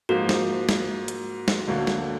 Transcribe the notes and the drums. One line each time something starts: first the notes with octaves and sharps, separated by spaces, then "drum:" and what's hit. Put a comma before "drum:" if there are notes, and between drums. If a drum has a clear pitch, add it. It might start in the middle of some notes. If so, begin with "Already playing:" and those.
G#2 F3 A#3 F#4
drum: snare
drum: snare
drum: hi-hat
drum: snare
D2 D3 F#3 A#3
drum: snare